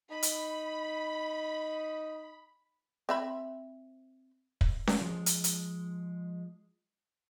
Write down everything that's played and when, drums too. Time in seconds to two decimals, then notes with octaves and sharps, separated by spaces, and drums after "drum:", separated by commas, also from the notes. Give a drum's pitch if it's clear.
0.11 D#4 B5
0.23 drum: hi-hat
3.09 C4 E5 B5
4.61 drum: kick
4.87 drum: snare C#4
5.01 F3 G#3
5.26 drum: hi-hat
5.44 drum: hi-hat